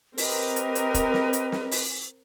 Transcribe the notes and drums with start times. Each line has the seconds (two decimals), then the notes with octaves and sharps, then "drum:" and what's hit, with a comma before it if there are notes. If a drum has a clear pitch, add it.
0.18 C4 G4 A#4 B4 D#5, drum: open hi-hat
0.56 drum: hi-hat
0.75 drum: hi-hat
0.94 drum: kick E1, hi-hat
1.14 drum: snare
1.33 drum: hi-hat
1.52 drum: snare
1.71 drum: open hi-hat